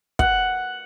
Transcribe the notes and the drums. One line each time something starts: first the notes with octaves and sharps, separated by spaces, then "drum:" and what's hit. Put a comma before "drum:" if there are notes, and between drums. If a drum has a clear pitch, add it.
F#5, drum: kick